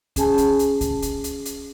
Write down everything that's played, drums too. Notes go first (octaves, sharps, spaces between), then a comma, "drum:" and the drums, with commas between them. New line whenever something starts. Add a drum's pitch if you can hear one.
C#4 G#4 G#5 A5, drum: kick C#2, hi-hat
drum: hi-hat
drum: hi-hat
drum: kick C#2, hi-hat
drum: hi-hat
drum: hi-hat
drum: hi-hat